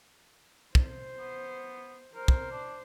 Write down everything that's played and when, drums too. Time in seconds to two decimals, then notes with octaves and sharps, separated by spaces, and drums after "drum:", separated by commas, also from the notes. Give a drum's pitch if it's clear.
0.75 C5, drum: kick
1.19 B3
2.15 A#4 C5
2.28 drum: kick
2.51 D4